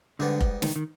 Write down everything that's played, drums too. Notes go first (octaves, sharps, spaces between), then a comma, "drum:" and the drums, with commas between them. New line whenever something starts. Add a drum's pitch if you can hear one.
G#2 D3 G3 B3
drum: kick F1
D#3, drum: snare
D#3